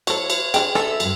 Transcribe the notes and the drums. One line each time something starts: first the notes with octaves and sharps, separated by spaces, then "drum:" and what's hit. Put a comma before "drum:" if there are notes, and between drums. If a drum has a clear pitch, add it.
F#3 E4 A4 C5 C#5, drum: cymbal
drum: cymbal
F3 D4 G#4 G5, drum: cymbal
D4 A4 E5 G#5 E6, drum: rim click
E2 G2, drum: cymbal